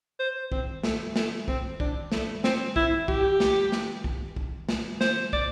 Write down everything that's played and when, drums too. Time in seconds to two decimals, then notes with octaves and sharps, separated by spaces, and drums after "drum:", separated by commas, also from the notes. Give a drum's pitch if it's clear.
0.19 C5
0.52 C4, drum: kick
0.83 A3, drum: snare
1.16 A3, drum: snare
1.48 C4, drum: kick
1.80 D4, drum: kick
2.12 A3, drum: snare
2.44 C4, drum: snare
2.76 E4, drum: kick
3.08 G4, drum: kick
3.40 drum: snare
3.72 drum: snare
4.04 drum: kick
4.36 drum: kick
4.69 drum: snare
5.01 C5, drum: snare
5.33 D5, drum: kick